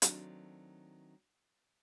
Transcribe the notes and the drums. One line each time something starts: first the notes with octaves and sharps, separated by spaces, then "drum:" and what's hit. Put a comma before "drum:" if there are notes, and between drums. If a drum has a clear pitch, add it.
D#3 F#3 A3 C4 D4, drum: hi-hat